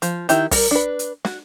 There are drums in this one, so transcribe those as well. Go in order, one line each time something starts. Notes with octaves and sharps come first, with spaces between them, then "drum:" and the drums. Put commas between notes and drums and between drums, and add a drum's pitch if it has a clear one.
F3, drum: hi-hat
D#3 E4 G4, drum: hi-hat
G3 A#4, drum: kick, open hi-hat
D4 B4
drum: hi-hat
F#4, drum: snare